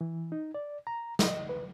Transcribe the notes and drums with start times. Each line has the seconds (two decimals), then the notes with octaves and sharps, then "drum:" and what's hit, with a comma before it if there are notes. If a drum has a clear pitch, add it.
0.01 E3
0.32 D#4
0.54 D5
0.87 A#5
1.19 D#5, drum: snare
1.49 B4